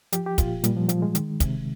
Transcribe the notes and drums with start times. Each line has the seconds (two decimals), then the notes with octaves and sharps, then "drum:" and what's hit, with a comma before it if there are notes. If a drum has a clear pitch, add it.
0.12 F3 G4, drum: hi-hat
0.26 G4
0.38 A#2 F4, drum: kick, hi-hat
0.64 A#2 G3, drum: hi-hat
0.77 F3
0.89 F3, drum: hi-hat
1.02 G#3
1.15 D#3, drum: hi-hat
1.40 C3, drum: kick, hi-hat